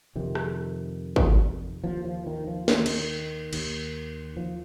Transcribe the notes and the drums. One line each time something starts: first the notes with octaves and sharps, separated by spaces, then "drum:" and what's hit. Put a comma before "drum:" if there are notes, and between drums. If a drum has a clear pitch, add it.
F2 C3 D#3
drum: rim click
drum: kick G#1
D#2 F3
F3
D#3
F3
D#3, drum: snare
D#3, drum: cymbal
D#2, drum: cymbal
F3